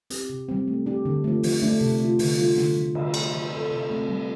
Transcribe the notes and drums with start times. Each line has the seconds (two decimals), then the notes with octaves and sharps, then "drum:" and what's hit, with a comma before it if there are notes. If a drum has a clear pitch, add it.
0.10 C4 G4, drum: hi-hat
0.30 C3
0.49 G3 C4
0.68 A3
0.86 D4 G4
1.05 D3
1.24 F3 A3
1.43 F3, drum: open hi-hat
1.62 A3 D4
1.81 C3
2.00 A3 F4
2.19 D3, drum: open hi-hat
2.38 G3 F4 A4
2.57 D3, drum: snare
2.76 F3 D4
2.95 D3, drum: cymbal
3.14 A3 D4, drum: cymbal
3.34 F3
3.52 C4 A4
3.71 C3
3.90 A3 C4 A4
4.09 G3